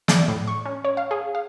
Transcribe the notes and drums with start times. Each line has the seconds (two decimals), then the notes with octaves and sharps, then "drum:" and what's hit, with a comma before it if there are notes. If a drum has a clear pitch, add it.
0.08 D5, drum: snare
0.28 A2
0.47 C#6
0.66 C#4
0.84 C#5
0.97 F5
1.11 G#4
1.35 F5